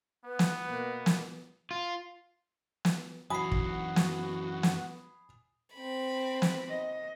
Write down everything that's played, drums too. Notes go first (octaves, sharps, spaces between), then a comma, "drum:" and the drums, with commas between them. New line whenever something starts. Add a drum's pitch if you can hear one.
B3 B4
drum: snare
B2 A#3
drum: snare
F4
drum: snare
F#2 E3 F#4 G#5 B5 D#6 C7
drum: kick
drum: snare
drum: snare
C4 B5
drum: snare
D#5